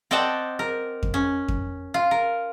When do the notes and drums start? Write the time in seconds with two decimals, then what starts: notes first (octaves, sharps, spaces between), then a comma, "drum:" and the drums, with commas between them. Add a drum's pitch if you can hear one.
0.11 C4 D5 D#5 F#5 G5 A5
0.59 A#4
1.03 drum: kick F2
1.14 C#4
1.48 drum: kick F2
1.94 F4
2.11 A#4